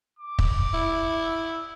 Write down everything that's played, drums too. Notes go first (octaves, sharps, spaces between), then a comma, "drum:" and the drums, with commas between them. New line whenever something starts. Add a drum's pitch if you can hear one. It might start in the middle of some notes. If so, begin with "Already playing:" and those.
D6
drum: kick
E4